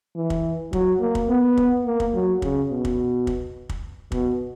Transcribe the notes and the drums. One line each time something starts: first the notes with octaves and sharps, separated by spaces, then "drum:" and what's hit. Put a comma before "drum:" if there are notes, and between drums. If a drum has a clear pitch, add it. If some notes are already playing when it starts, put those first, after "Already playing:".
E3
drum: kick
F#3, drum: kick
A#3
drum: kick
B3
drum: kick
A#3
drum: kick
F#3
C#3, drum: kick
B2
drum: kick
drum: kick
drum: kick
B2, drum: kick